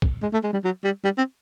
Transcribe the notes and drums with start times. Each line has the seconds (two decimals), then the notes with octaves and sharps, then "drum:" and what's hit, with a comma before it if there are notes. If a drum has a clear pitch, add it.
0.02 drum: kick
0.23 G#3
0.33 A3
0.44 G#3
0.53 G3
0.64 F#3
0.84 G3
1.04 G3
1.18 C4